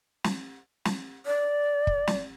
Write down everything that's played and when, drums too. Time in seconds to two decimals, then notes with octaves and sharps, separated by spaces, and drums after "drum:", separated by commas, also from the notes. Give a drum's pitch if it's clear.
0.24 drum: snare
0.85 drum: snare
1.26 D5
1.87 drum: kick
2.07 drum: snare